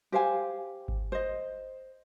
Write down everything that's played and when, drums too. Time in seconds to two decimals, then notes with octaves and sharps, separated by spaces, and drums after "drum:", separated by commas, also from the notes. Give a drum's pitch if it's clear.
0.12 G4 C5 F5 G#5
0.88 drum: kick G1
1.12 C5 D#5